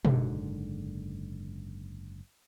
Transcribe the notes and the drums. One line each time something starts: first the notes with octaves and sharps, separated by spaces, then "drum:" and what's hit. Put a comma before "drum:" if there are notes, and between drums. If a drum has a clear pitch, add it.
F#1 G#2 D3, drum: tom B2